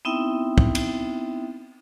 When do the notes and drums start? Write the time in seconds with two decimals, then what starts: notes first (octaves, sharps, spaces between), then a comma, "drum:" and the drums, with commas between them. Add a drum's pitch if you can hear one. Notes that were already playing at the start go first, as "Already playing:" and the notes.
0.05 B3 C4 D#4 E4 E5 G5
0.58 drum: kick
0.75 drum: cymbal